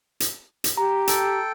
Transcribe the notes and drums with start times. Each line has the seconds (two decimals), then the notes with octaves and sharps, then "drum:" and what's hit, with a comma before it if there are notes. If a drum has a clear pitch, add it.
0.20 drum: hi-hat
0.64 drum: hi-hat
0.77 G4 A#5
1.07 A4 G5, drum: hi-hat